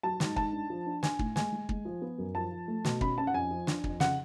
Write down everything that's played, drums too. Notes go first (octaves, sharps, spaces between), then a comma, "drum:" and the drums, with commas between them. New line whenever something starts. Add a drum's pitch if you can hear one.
F#3 A5
G#2, drum: snare
G#2 A5, drum: kick
D4
F3
D4
D4 G#5, drum: snare
A2, drum: kick
G#3 G#5, drum: snare
G#3
G#3, drum: kick
F3
B3
F#2
F3 A5
F3
A3
B2, drum: snare
C#4 B5, drum: kick
C#4 A5
F#5
F2 G#5
F3
D4, drum: snare
F2, drum: kick
C#3 F#5, drum: snare